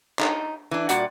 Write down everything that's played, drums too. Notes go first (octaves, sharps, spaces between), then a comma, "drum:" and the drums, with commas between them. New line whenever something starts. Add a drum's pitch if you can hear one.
D#4, drum: clap
E3 D4
A#2 G3 F#4 D5 F#5, drum: hi-hat